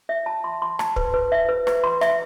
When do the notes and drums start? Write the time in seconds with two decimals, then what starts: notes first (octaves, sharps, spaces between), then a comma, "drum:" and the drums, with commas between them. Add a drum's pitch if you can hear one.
0.09 E5
0.26 A5
0.44 C6
0.62 C6
0.79 A5, drum: rim click
0.96 B4, drum: kick
1.14 B4
1.32 E5
1.49 B4
1.67 B4, drum: rim click
1.84 C6
2.01 E5, drum: rim click